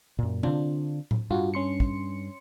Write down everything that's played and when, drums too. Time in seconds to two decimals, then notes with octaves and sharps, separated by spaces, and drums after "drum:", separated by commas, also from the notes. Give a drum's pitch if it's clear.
0.19 F#2 A#2
0.43 D3 C4 D4 F4, drum: tom C3
1.11 drum: tom A2
1.31 G2 F4 F#4
1.54 C#4 C6 C#7
1.80 drum: kick